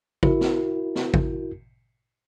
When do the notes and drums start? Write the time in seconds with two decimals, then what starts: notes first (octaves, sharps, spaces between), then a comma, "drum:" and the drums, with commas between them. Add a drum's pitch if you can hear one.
0.23 E4 F#4 A#4, drum: kick G#1
0.41 drum: snare
0.95 drum: snare
1.14 drum: kick G#1